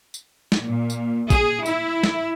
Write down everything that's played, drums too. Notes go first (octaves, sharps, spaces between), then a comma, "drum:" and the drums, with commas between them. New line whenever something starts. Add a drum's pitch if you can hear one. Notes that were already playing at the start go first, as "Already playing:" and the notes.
drum: tambourine
drum: snare
A#2
drum: tambourine
G#4, drum: kick, tambourine
E4, drum: tambourine
drum: snare